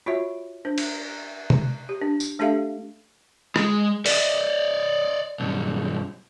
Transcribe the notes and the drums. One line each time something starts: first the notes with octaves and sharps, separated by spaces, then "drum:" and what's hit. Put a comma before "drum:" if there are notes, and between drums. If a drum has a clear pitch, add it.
F4 F#4 C#5 E5
D4 C5
drum: cymbal
drum: tom C3
G4
D4
drum: tambourine
A3 D4 G4 A4 E5 F5
G#3, drum: rim click
D5 D#5, drum: open hi-hat
B1 G2